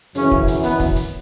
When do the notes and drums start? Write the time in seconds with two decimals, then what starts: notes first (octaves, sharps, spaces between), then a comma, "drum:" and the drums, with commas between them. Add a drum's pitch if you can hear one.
0.15 F#2 C#3 E3 C#4, drum: hi-hat
0.31 drum: kick
0.47 drum: hi-hat
0.63 B2 B3, drum: hi-hat
0.80 drum: kick, hi-hat
0.96 drum: hi-hat